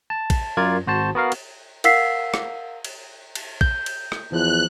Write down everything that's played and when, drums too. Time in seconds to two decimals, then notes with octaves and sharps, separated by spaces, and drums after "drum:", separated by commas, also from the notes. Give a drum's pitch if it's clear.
0.10 A5
0.30 drum: kick A#1, cymbal
0.57 F#2 F4 A#4 D5 G#6
0.87 G#1 F#4 C5 A5
1.15 B3 F#4 A#4 F5
1.32 drum: cymbal
1.84 A#4 F5 F#5 E6 B6 C7, drum: cymbal
2.34 drum: rim click
2.85 drum: cymbal
3.35 drum: cymbal
3.61 G6, drum: kick A#1
3.86 drum: cymbal
4.12 drum: rim click
4.32 E2 E3 F3 F#6